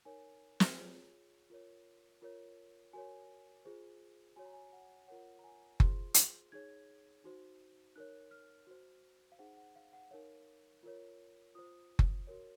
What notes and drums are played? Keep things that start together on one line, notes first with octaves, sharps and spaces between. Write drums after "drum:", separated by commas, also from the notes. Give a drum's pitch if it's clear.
D#4 A#4 C#5 G#5
drum: snare
F4 G#4 C#5
F4 A#4 C#5
F4 A#4 C#5
F#4 A#4 C#5 G#5
F4 G#4 C5
F#4 C#5 G#5
A#5
G#5
F#5
F4 A#4 C#5 F#5
A#5
G#5
F4 G#4 C5 C6, drum: kick F#1
drum: hi-hat
D#4 G#4 C#5 G#6
D#4 F#4 C5
D#4 A#4 C#5 F#6
F6
F#4 C5
F5
D#4 G#4 C5 F#5
F#5
F5
F#5
D#4 A#4 C#5 F5
F4 A#4 C#5
F4 C5 D#6
drum: kick F#1
F#4 A#4 C#5